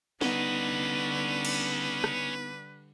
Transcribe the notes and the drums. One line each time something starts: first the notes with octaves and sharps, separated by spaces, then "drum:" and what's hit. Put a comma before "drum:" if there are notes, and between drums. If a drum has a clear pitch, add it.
D3 G3 B3 C#4 D#4 B4 D#5, drum: snare
drum: cymbal
drum: rim click